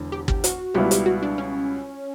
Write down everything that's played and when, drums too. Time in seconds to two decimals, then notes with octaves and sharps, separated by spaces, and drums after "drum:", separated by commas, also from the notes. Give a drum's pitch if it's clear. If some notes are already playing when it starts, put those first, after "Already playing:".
Already playing: E1 E2 D3
0.12 G4
0.28 G4, drum: kick
0.44 F#4, drum: hi-hat
0.74 C#2 B2 G3 B3 E4 G4
0.91 G4, drum: hi-hat
1.06 F#4
1.22 D4
1.38 C#4